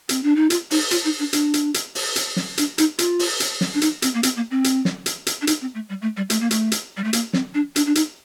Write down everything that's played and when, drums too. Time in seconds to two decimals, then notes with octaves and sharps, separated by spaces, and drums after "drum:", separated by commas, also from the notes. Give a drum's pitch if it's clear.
0.09 C4, drum: hi-hat
0.23 D4
0.36 D#4
0.50 F4, drum: hi-hat
0.71 D#4, drum: open hi-hat
0.91 F4, drum: hi-hat
1.05 D#4
1.19 D4
1.33 D4, drum: hi-hat
1.54 drum: hi-hat
1.74 drum: hi-hat
1.95 drum: open hi-hat
2.16 drum: hi-hat
2.36 drum: snare
2.58 D4, drum: hi-hat
2.78 D#4, drum: hi-hat
2.99 F4, drum: hi-hat
3.19 drum: open hi-hat
3.40 drum: hi-hat
3.61 drum: snare
3.74 D4
3.81 D#4, drum: hi-hat
4.02 C4, drum: hi-hat
4.14 A#3
4.23 C4, drum: hi-hat
4.36 A#3
4.51 C4
4.64 drum: hi-hat
4.85 drum: snare
5.06 drum: hi-hat
5.27 drum: hi-hat
5.42 D4
5.47 D#4, drum: hi-hat
5.61 C4
5.75 A3
5.89 G3
6.02 A3
6.17 G3
6.30 A3, drum: hi-hat
6.40 A#3
6.51 A3, drum: hi-hat
6.72 drum: hi-hat
6.97 G3
7.04 A3
7.13 A#3, drum: hi-hat
7.33 C4, drum: snare
7.54 D4
7.76 D4, drum: hi-hat
7.86 D4
7.95 D#4, drum: hi-hat